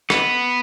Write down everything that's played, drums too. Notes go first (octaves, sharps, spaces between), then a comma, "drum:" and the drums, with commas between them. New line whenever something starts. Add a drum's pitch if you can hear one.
B3, drum: rim click